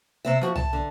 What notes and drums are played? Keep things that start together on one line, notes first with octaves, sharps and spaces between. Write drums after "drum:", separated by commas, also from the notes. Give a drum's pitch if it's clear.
C3 C4 E5
F3 F#4
A5, drum: tom
D3